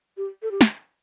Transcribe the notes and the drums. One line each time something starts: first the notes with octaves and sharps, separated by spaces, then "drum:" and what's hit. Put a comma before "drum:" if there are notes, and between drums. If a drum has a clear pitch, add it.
G4
A4
G4
drum: snare